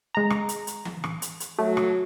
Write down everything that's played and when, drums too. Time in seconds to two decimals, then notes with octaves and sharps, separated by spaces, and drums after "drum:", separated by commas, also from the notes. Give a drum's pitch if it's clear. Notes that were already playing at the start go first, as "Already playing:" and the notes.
0.15 G#3 A#5
0.30 drum: rim click
0.49 drum: hi-hat
0.67 drum: hi-hat
0.85 drum: tom E3
1.04 drum: rim click
1.22 drum: hi-hat
1.40 drum: hi-hat
1.59 F#3 A3
1.77 drum: rim click